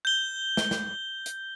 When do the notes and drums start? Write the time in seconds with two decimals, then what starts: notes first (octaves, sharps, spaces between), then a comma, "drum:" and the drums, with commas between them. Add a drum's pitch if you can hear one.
0.05 G6 G7
0.57 drum: snare
0.71 drum: snare
1.26 drum: hi-hat